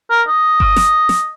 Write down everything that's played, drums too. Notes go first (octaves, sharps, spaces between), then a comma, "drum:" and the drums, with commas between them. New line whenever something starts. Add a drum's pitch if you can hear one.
A#4
D#5
drum: kick G1
drum: snare
drum: snare